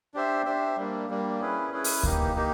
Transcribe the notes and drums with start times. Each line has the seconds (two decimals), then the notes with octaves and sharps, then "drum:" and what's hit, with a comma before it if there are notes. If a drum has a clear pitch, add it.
0.14 D4 G4 C5 E5
0.45 D4 G4 C5 E5
0.77 G3 A#3 D4
1.09 G3 A#3 D4
1.40 C#4 E4 G#4 B4
1.72 C#4 E4 G#4 B4
1.84 drum: open hi-hat
2.03 A#3 D#4 G4, drum: kick D2
2.35 A#3 D#4 G4